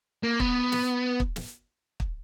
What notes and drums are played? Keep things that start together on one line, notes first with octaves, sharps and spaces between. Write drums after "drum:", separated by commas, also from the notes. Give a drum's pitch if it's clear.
A#3
B3, drum: kick
drum: snare
drum: kick
drum: snare
drum: kick